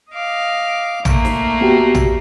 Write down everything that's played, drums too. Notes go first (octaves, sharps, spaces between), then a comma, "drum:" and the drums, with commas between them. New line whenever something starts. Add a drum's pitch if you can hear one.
D#5 F5 D6
A#2 A3 A#3, drum: tom A#1
drum: snare
B3 F#4 G4
drum: tom A#1